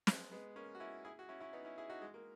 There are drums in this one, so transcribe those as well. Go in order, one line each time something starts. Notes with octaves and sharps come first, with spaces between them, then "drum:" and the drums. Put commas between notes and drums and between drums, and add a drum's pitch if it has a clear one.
G#3 B3, drum: snare
G#3 B3
A#3 C#4
F#4
C#4 E4
E4 G#4
F#4
C#4 E4
C#4 E4
B3 D#4
C#4 E4
E4 G#4
D#4 F#4
G#3
A#3